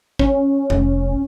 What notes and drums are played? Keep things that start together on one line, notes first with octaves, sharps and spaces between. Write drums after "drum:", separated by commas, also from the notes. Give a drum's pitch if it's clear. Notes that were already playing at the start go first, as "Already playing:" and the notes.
C#4, drum: kick
F1, drum: tom F2